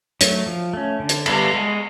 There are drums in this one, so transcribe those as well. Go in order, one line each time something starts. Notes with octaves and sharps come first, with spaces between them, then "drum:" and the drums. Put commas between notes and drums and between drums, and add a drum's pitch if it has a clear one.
F#3 A3, drum: hi-hat
F3
A3 C#4
D3
drum: hi-hat
G3 B3 E4, drum: cymbal
G#3